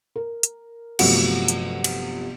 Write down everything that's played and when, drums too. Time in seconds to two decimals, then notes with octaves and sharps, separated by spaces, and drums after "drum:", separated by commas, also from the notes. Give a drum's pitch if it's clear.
0.16 A#4
0.43 drum: hi-hat
0.99 G1 C3 F3 F#3 A3 F#5, drum: cymbal
1.48 drum: hi-hat
1.84 drum: cymbal